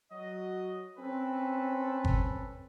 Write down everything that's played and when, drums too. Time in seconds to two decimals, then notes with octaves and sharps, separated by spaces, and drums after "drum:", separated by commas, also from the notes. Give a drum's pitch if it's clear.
0.11 F#3 F#4 D#5
0.98 C4 C#4 A4 B4
2.05 drum: kick G1